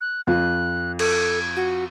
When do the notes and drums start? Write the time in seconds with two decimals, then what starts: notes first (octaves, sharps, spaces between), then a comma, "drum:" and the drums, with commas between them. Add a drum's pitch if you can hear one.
0.01 F#6
0.27 F2 F4 F#6
0.99 A4 G#6, drum: cymbal
1.56 F#4